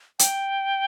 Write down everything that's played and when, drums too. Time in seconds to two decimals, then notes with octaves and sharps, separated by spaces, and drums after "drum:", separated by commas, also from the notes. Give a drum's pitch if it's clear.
0.19 G5, drum: hi-hat